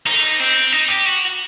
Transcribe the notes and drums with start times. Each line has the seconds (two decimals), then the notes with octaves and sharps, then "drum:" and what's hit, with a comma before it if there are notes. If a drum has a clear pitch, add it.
0.06 D#4, drum: cymbal
0.40 C4
0.72 D#4
0.89 G4
1.06 F#4